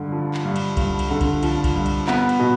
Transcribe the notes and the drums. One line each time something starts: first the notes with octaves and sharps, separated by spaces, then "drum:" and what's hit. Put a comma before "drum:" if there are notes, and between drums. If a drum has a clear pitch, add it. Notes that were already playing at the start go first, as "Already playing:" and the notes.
Already playing: G2 D3
F3
drum: clap
G2
drum: cymbal
G2, drum: kick C2, cymbal
drum: cymbal
D3
drum: kick C2, cymbal
F3, drum: cymbal
drum: kick C2, cymbal
G2
drum: cymbal
B3, drum: clap
drum: cymbal
B2